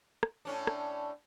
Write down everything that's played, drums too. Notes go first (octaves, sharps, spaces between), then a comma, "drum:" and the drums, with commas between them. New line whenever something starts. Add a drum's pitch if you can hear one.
drum: rim click
A2 C#4 D4
drum: rim click